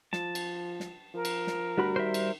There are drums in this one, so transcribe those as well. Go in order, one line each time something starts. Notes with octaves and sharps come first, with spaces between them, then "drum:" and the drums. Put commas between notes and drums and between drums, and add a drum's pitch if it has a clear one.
F3 A5, drum: snare
drum: cymbal
drum: snare
F3 A#4
drum: cymbal
drum: snare
D2 G3 F#4 B5
D#3 C5 E5
drum: cymbal